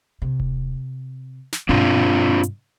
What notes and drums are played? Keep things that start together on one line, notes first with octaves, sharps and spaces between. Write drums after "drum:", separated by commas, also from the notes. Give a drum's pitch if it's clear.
C3
drum: kick D#1
drum: snare
G2 B2 C4 D4 F4
drum: hi-hat